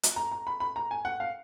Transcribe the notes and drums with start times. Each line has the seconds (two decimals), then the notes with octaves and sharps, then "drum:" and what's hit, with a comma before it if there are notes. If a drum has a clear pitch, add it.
0.03 drum: hi-hat
0.16 A#5
0.31 A#5
0.47 B5
0.60 B5
0.76 A#5
0.91 G#5
1.05 F#5
1.20 F5